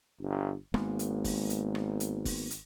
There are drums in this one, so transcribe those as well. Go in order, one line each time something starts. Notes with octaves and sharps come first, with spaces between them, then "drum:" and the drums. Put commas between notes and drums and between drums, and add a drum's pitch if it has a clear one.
G1
G#1 G#3 A#3 B3, drum: rim click
drum: hi-hat
drum: kick, open hi-hat
drum: hi-hat
drum: rim click
drum: hi-hat
drum: kick, open hi-hat
drum: hi-hat